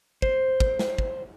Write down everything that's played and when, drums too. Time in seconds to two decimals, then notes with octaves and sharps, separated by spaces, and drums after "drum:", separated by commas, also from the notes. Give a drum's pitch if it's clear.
0.22 C5, drum: kick
0.60 drum: kick
0.79 drum: snare
0.98 drum: kick